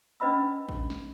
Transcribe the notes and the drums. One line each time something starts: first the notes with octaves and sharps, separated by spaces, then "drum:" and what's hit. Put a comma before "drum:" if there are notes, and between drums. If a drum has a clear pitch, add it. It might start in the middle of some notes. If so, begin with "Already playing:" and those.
C#4 D4 B4 D#5 B5 E6
drum: kick
drum: snare